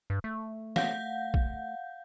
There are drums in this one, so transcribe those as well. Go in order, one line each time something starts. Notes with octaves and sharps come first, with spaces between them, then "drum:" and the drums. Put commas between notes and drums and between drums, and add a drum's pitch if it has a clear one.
G2
A3
F5 F#5 G6, drum: snare
drum: kick A#1